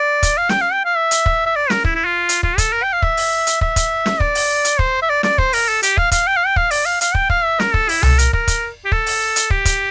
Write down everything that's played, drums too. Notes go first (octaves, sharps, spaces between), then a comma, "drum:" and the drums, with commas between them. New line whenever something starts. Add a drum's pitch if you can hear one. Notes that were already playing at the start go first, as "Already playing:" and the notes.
Already playing: D5
drum: kick, hi-hat
F5
G5, drum: snare
F5
G5
F5
E5
drum: hi-hat
drum: kick
E5
D5
A#4, drum: snare
E4, drum: kick
E4
F4
drum: hi-hat
F4, drum: kick
A4, drum: kick, hi-hat
A#4
G5
F5
E5, drum: kick
drum: open hi-hat
drum: hi-hat
E5, drum: kick
drum: kick, hi-hat
drum: snare
D5, drum: kick
drum: open hi-hat
drum: hi-hat
C5, drum: kick
E5
D5
D5, drum: snare
C5, drum: kick
A#4, drum: open hi-hat
A4
G4, drum: hi-hat
F5, drum: kick
F5, drum: kick, hi-hat
G5
F5
G5
F5, drum: kick
D5, drum: open hi-hat
F5
F5, drum: hi-hat
G5, drum: kick
F5, drum: kick
E5
A#4, drum: snare
A4, drum: kick
E4, drum: open hi-hat
A4, drum: tom C2
A#4, drum: hi-hat
A#4, drum: kick
drum: kick, hi-hat
G4
A4, drum: kick
drum: open hi-hat
drum: hi-hat
G4, drum: kick
drum: kick, hi-hat